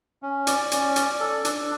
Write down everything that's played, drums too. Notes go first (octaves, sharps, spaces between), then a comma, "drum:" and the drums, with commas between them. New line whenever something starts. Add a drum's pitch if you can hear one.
C#4
D5, drum: hi-hat
C#4, drum: hi-hat
D5, drum: hi-hat
A4
D4, drum: hi-hat